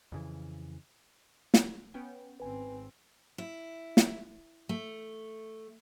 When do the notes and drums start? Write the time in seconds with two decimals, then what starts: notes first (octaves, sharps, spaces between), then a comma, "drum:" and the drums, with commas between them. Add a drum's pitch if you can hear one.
0.12 F2 C#3 E3
1.54 drum: snare
1.94 B3 C#4 G5
2.40 G#1 C4 B4 G#5
3.38 E4
3.97 drum: snare
4.69 A3